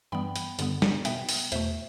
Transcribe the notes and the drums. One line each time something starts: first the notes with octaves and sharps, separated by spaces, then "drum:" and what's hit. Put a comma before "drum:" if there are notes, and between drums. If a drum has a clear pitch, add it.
G2 E3 G3 B3 G5 B5
drum: hi-hat
G2 D3 G3 B3, drum: hi-hat
drum: snare
B2 B3 E5 G5, drum: hi-hat
drum: open hi-hat
E2 B2 A3 C5 E5, drum: hi-hat